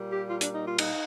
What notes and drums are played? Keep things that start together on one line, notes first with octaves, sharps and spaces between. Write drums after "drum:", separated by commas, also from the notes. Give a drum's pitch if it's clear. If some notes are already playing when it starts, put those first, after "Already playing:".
Already playing: A#2 G3 A#3
G4
F4
D4, drum: hi-hat
D#4
F4
D#4, drum: cymbal